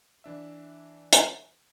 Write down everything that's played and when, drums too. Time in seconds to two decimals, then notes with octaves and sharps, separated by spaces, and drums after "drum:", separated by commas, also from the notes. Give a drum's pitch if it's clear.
0.24 E3 D4 E5
1.13 drum: hi-hat